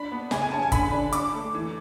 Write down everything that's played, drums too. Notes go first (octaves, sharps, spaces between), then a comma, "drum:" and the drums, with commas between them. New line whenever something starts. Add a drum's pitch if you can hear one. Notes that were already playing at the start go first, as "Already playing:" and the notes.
Already playing: D4 B5
B3
C#3 G#5, drum: snare
G#5
C#4 A5
G#5
D3 B5, drum: kick G1, hi-hat
D4
D4 D6, drum: hi-hat
A3
E3